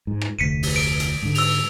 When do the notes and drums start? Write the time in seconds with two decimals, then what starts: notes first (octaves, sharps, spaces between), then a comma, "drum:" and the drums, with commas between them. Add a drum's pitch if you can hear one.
0.07 G#2
0.21 drum: rim click
0.39 F1 D2 B6 C#7 D#7
0.63 drum: open hi-hat
0.76 D7
1.00 drum: hi-hat
1.22 G#2 D3
1.35 E6 F7, drum: open hi-hat